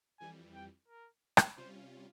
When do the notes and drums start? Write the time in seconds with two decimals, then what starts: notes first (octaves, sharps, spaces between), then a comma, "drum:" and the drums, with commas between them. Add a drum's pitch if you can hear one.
0.20 F2 E3 G3 G#5
0.55 G5
0.88 A#4
1.37 drum: rim click
1.57 C3 G3 C#4 F4 C5